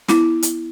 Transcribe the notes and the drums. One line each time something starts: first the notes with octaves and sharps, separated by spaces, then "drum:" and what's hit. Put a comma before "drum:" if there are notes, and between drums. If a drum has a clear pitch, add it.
B3 E4, drum: snare
drum: hi-hat